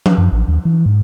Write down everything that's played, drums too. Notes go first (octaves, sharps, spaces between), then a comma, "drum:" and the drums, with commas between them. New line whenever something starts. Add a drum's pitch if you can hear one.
drum: tom F3
F#2
A1
D#2
E3
G#2